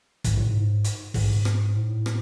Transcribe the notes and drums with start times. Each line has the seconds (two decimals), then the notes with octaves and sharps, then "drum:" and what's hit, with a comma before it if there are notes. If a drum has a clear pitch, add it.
0.24 G#2, drum: kick, hi-hat
0.37 A2
0.50 G#2
0.85 drum: hi-hat
1.14 G#2, drum: kick, open hi-hat
1.45 drum: rim click
1.76 A2
2.06 drum: rim click